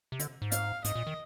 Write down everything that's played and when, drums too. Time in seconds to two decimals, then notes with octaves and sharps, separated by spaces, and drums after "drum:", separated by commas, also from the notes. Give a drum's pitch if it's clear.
0.12 C3
0.20 D3, drum: hi-hat
0.42 G#2
0.52 F5, drum: hi-hat
0.85 G#2 D#5, drum: hi-hat
0.96 A#2
1.07 D#3